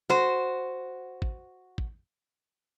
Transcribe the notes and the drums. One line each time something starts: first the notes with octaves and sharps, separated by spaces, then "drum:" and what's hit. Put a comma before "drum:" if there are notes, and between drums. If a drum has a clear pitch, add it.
F#4 C5, drum: snare
drum: kick A1
drum: kick A1